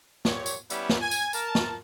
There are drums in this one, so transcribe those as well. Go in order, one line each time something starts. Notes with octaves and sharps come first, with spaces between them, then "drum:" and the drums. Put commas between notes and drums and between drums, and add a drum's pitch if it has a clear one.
A#2 F3 G4 C#5, drum: snare
drum: tambourine
G3 B3 C#4 E4 G4 E5, drum: tambourine
drum: snare
G#5
drum: tambourine
A#4 A5, drum: tambourine
drum: snare